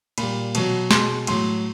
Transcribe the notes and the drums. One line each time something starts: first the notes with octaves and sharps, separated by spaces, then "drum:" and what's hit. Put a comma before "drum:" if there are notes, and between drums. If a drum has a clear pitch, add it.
A#2 G3 B5, drum: cymbal
B2 F#3, drum: cymbal
B2 G#3 C6, drum: snare
A2 F#3 C6, drum: cymbal